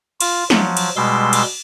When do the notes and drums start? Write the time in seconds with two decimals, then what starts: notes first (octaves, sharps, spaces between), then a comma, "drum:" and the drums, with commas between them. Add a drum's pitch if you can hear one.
0.21 F4, drum: cymbal
0.50 F3 F#3, drum: snare
0.77 drum: cymbal
0.96 B2 G3 G#3 C6 E6
1.33 drum: cymbal